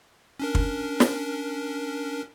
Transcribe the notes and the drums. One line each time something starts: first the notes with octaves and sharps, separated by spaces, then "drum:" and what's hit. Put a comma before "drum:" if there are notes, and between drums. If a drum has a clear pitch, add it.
C#4 D4 A#4
drum: kick
drum: snare